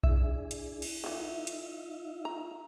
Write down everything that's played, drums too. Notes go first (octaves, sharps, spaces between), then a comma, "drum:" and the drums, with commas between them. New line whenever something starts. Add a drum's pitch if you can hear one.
D4 E4 G#4 E5, drum: kick B1
drum: hi-hat
drum: cymbal
D3 E3 D#4 F4 E5
drum: hi-hat
A#5